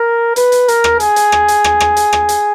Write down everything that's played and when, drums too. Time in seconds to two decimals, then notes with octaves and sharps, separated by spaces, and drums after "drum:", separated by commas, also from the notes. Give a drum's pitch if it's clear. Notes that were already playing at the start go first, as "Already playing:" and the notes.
Already playing: A#4
0.36 B4, drum: hi-hat
0.52 drum: hi-hat
0.68 A#4, drum: hi-hat
0.84 drum: rim click
1.00 G#4, drum: hi-hat
1.16 drum: hi-hat
1.32 drum: rim click
1.48 drum: hi-hat
1.64 drum: rim click
1.80 drum: rim click
1.97 drum: hi-hat
2.13 drum: rim click
2.29 drum: hi-hat